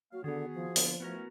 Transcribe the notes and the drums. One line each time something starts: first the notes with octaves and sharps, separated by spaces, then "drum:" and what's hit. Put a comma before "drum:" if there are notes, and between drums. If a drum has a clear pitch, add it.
F#3 A#3 F#4 F5
D3 D#3 B3 F#4 G#4
F3
D3 A#3 B3, drum: open hi-hat
E3 A3 B3 C#4 F#4 A#4